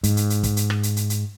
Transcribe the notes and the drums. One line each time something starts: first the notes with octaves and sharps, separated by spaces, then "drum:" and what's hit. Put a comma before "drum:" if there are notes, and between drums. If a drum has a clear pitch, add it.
G#2, drum: hi-hat
drum: hi-hat
drum: hi-hat
drum: kick, hi-hat
drum: hi-hat
drum: rim click
drum: hi-hat
drum: hi-hat
drum: hi-hat